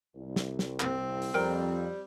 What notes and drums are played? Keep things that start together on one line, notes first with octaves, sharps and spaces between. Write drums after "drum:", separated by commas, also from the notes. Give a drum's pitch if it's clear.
C2
drum: snare
drum: snare
C4, drum: clap
drum: open hi-hat
F2 G3 A#4 G5